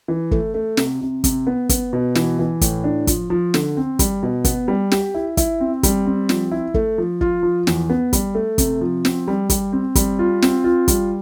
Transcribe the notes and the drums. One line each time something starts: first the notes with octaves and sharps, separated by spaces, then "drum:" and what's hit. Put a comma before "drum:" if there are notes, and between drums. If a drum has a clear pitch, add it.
E3
A3, drum: kick
A3
C3, drum: snare
C3
C3, drum: kick, hi-hat
B3
B3, drum: kick, hi-hat
B2
E3, drum: snare
E3
A2, drum: kick, hi-hat
D4
F3, drum: kick, hi-hat
F3
D3, drum: snare
C4
G3, drum: kick, hi-hat
B2
B3, drum: kick, hi-hat
G3
G4, drum: snare
E4
E4, drum: kick, hi-hat
C4
G3, drum: kick, hi-hat
C4
F3, drum: snare
E4
A3, drum: kick
F3
F4, drum: kick
F3
E2, drum: snare
B3
G3, drum: kick, hi-hat
A3
C3, drum: kick, hi-hat
F3
C4, drum: snare
G3
G3, drum: kick, hi-hat
C4
G3, drum: kick, hi-hat
F4
C4, drum: snare
F4
G3, drum: kick, hi-hat